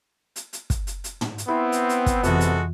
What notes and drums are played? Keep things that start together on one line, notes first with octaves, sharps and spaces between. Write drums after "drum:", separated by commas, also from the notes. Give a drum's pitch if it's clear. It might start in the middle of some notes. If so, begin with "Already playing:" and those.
drum: hi-hat
drum: hi-hat
drum: kick, hi-hat
drum: hi-hat
drum: hi-hat
drum: tom
drum: hi-hat
B3 C4 E4
drum: hi-hat
drum: hi-hat
drum: kick, hi-hat
F2 C3 E3 G#3 F#4 A4, drum: hi-hat
drum: hi-hat